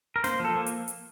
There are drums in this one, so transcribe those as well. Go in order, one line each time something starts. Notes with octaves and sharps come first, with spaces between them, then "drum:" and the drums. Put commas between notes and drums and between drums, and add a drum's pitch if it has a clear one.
A#4
A#3 C5, drum: snare
F3 A4
A#3
drum: hi-hat
drum: hi-hat